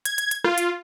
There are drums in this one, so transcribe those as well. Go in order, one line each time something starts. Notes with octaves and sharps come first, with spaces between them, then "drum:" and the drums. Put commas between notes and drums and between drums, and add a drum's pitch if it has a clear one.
G#6, drum: hi-hat
drum: hi-hat
drum: hi-hat
F4, drum: rim click
drum: hi-hat